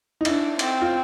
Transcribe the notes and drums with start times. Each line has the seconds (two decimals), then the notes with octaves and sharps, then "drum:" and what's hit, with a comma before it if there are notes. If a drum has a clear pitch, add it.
0.21 D#4
0.25 D4 E4, drum: cymbal
0.59 C4, drum: cymbal
0.81 F4